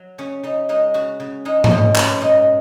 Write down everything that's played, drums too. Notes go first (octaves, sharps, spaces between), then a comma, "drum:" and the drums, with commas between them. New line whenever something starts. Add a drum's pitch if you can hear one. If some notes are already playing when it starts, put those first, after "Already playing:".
Already playing: F#3
C#3 C#4
C#3 D#4
G#3 D#4
C#3 F#4
C#3
G#3 D#4
C#4, drum: tom G#2
B2 D#4
B2 C#4, drum: clap
G#3 D#4